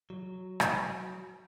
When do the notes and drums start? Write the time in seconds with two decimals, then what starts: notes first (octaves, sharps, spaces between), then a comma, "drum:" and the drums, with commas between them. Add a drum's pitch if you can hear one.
0.10 F#3
0.60 drum: rim click